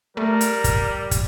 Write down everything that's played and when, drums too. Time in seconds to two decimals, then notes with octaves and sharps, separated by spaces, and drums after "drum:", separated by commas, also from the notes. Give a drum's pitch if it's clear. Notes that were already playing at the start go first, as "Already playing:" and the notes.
0.17 G3 A3 A#4
0.41 drum: hi-hat
0.64 drum: kick, hi-hat
1.11 drum: kick, hi-hat